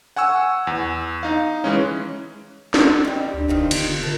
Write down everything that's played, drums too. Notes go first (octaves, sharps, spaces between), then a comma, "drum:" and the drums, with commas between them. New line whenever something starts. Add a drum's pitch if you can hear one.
F#5 G#5 C#6 E6
E2
D#4 F5
E3 G#3 C#4
drum: snare
G3 C4 D#5
D2 D4
E1 D#3 C4 F4
D3 B3, drum: cymbal
F4
C3 A3 A#4